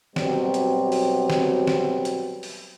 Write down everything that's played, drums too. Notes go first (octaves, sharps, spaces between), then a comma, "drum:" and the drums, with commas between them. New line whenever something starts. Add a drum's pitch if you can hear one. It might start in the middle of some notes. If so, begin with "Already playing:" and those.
B2 F#3 G3 C4, drum: snare
drum: hi-hat
drum: open hi-hat
drum: snare
drum: snare
drum: hi-hat
drum: open hi-hat